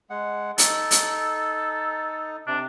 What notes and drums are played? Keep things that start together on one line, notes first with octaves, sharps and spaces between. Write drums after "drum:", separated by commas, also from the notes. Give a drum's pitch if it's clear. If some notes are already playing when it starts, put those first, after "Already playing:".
G#3 F#5
D#4 A4, drum: hi-hat
drum: hi-hat
C3 D4